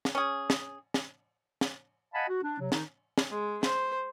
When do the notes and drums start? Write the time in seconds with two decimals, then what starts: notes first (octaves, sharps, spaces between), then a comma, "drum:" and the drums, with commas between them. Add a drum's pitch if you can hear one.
0.05 drum: snare
0.15 C#4 G#4
0.50 drum: snare
0.94 drum: snare
1.61 drum: snare
2.14 D#5 F5 F#5 G#5 A5 B5
2.28 F#4
2.42 D4
2.60 C3 F#3
2.72 D#3 D#4, drum: snare
3.18 drum: snare
3.30 G#3
3.63 C5, drum: snare